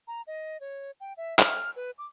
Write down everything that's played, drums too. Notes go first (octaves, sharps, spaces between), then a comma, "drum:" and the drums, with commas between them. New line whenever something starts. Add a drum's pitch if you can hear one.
A#5
D#5
C#5
G5
E5
F6, drum: clap
B4
D6